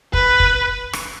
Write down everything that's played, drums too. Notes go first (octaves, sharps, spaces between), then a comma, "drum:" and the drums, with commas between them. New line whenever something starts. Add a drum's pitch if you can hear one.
B4, drum: kick
drum: kick
drum: rim click